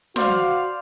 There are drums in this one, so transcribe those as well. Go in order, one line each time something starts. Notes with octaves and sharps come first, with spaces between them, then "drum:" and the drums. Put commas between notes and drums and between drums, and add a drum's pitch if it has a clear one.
F#4 C5 D5 F5, drum: snare